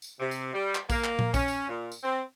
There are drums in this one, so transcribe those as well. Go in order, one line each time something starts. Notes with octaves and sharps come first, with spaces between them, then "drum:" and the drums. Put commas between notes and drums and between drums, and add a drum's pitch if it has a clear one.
drum: tambourine
C3
drum: tambourine
G3
drum: clap
A#3, drum: kick A#1, tambourine
drum: clap
drum: tom A#2
C#4, drum: kick A#1, tambourine
drum: tambourine
A#2
drum: tambourine
C4